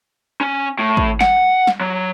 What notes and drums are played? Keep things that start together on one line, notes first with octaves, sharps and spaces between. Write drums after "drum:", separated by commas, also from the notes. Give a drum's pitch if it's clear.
C#4
A2
drum: kick G#1
F#5, drum: snare
drum: snare
F#3